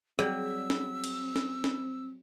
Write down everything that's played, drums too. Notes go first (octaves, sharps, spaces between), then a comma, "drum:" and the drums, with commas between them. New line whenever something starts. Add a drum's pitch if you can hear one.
F#3 G3 C4 G#4 D5 E6, drum: rim click
drum: snare C#4
drum: cymbal
drum: snare C#4
drum: snare C#4